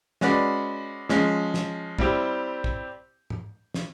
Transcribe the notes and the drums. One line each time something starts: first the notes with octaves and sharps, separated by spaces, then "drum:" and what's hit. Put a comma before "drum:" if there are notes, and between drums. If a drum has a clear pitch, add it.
G#3 C#4 F#4 B4 D5, drum: snare
F3 G#3 C#4, drum: snare
drum: snare
G3 C4 E4 G4, drum: kick
drum: kick
drum: tom
drum: snare